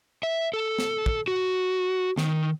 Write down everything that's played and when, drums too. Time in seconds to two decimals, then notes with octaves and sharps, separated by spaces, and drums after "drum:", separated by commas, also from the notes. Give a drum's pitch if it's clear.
0.23 E5
0.54 A4
0.79 drum: snare
1.06 drum: kick
1.28 F#4
2.18 D#3, drum: snare